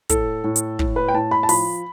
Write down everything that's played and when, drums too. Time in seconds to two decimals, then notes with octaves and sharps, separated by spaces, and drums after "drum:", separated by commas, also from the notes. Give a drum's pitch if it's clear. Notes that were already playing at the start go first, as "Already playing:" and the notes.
0.10 A2 A4, drum: kick, hi-hat
0.44 A2
0.56 drum: hi-hat
0.79 A2, drum: kick
0.96 B4
1.08 G5
1.14 A2 A5
1.31 B5
1.43 A5
1.49 F3 B5, drum: open hi-hat